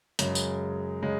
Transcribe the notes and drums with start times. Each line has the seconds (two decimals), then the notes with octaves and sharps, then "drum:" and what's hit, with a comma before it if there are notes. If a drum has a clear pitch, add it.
0.19 F#2 C#3 G#3, drum: hi-hat
0.35 drum: tambourine
1.02 C#3 G#3